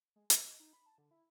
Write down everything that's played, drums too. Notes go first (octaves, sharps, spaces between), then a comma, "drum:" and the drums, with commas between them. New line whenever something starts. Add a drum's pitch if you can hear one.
G#3
D#5, drum: hi-hat
D#4
B5
A5
D3
E4